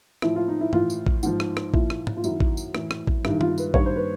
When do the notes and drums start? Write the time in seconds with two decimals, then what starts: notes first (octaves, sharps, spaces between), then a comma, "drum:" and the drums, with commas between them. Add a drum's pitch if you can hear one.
0.22 A2 F3 E4, drum: rim click
0.36 F4
0.48 D#4
0.61 E4
0.73 A2 E3 F4, drum: tom G2
0.90 drum: tambourine
1.07 drum: kick
1.23 G#2 F3, drum: tambourine
1.40 drum: rim click
1.57 drum: rim click
1.74 A#2 F3 E4, drum: kick
1.90 drum: rim click
2.07 drum: tom G#2
2.17 F4
2.24 F#2 D#3 E4, drum: tambourine
2.40 drum: kick
2.57 drum: tambourine
2.75 A2 E3, drum: rim click
2.91 drum: rim click
3.07 drum: kick
3.25 G2 D#3 E4, drum: rim click
3.41 F4, drum: tom D#3
3.58 B4, drum: tambourine
3.74 G2 D#3 C#5, drum: kick
3.86 C5
3.96 B4